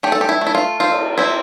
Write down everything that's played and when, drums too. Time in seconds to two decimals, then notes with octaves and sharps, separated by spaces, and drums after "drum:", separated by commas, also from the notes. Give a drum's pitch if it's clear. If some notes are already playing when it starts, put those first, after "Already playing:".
0.03 A3 G4
0.12 A4
0.21 G4
0.29 E4
0.41 A3
0.47 E4
0.55 F4
0.80 C4 F4
0.91 drum: cymbal
1.18 C4 E4